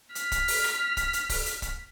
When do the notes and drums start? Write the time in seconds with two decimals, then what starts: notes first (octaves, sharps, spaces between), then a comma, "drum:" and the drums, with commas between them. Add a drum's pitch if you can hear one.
0.15 F6 B6, drum: hi-hat
0.32 drum: kick, hi-hat
0.48 drum: open hi-hat
0.64 drum: rim click
0.97 drum: kick, hi-hat
1.13 drum: hi-hat
1.29 drum: kick, open hi-hat
1.46 drum: hi-hat
1.62 drum: kick, hi-hat